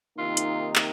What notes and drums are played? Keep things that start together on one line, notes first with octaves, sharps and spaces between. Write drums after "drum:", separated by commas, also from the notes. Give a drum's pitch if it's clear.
C3 D#3 A#3 D#4 F4
drum: hi-hat
drum: clap